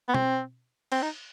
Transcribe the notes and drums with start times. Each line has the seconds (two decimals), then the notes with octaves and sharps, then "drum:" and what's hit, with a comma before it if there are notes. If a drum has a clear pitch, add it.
0.09 B3
0.14 C4, drum: tom B2
0.92 C4, drum: cymbal
1.02 D#4